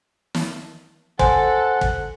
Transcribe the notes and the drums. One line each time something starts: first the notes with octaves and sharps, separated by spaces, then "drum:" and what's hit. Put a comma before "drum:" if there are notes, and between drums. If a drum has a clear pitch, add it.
drum: snare
A4 C5 F#5 G#5, drum: kick
drum: kick